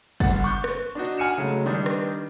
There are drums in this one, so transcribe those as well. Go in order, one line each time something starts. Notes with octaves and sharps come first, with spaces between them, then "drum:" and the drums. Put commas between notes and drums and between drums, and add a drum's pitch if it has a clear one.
G1 F#5 A6, drum: kick, cymbal
C#6 F#6 G6
drum: rim click
D4 D#4 F#4
drum: cymbal
F#5 G#5 F6 C#7 D#7 E7
C#3 F#3 G#3 A3
D#3 G3 D4 D#4
drum: rim click